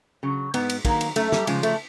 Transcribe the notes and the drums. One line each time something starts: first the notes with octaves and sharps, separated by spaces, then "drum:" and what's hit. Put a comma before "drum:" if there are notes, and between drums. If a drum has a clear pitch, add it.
C#3 F#3
G#2 B3, drum: cymbal
drum: cymbal
D#3 F#3 A#3, drum: kick, cymbal
drum: cymbal
F#2 A3, drum: cymbal
G3, drum: snare
C#3 F3 G#3, drum: cymbal
A3, drum: cymbal